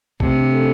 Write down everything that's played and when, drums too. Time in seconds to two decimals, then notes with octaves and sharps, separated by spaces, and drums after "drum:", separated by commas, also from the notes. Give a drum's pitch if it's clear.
0.20 C3 A3, drum: kick B1
0.35 D4
0.51 A4